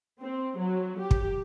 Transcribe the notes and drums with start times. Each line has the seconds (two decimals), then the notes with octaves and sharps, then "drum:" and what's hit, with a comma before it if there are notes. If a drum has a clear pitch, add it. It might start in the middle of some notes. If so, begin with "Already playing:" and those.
0.20 C4
0.57 F#3
1.00 G4
1.11 drum: kick